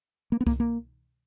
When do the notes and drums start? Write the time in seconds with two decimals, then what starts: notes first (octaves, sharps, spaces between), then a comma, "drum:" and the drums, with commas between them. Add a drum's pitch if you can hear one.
0.32 A#3
0.41 B3
0.47 A#3, drum: kick C2
0.60 A#3